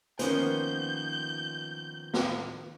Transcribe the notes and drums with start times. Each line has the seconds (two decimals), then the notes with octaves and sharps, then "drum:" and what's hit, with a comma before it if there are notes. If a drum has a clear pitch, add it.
0.19 D#3 F3 A#3 B3 C#4 C5 G6, drum: hi-hat
2.14 drum: snare